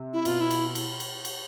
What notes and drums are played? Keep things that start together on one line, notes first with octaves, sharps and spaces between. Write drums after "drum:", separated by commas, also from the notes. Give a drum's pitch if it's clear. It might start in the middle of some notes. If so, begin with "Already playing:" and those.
Already playing: C3
E4
B2 F4, drum: cymbal
E4
drum: cymbal
drum: cymbal
drum: cymbal
drum: cymbal